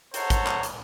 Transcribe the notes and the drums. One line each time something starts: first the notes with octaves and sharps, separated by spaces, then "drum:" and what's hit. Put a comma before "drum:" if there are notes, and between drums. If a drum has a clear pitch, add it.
A4 C5 C#5 F#5 A5 A#5, drum: hi-hat
drum: kick, hi-hat
drum: clap
drum: hi-hat